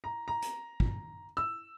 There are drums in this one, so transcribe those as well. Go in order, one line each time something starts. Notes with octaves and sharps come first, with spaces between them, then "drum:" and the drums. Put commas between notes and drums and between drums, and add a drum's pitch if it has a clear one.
A#5
A#5
drum: hi-hat
drum: kick
E6